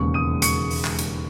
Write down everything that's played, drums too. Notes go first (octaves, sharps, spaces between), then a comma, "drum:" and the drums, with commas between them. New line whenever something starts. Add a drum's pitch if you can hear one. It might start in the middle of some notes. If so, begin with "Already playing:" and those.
Already playing: E1 D#2 C#3 G#3 C#6
D#6 D#7
C#6 C#7, drum: hi-hat
drum: open hi-hat
drum: clap
drum: hi-hat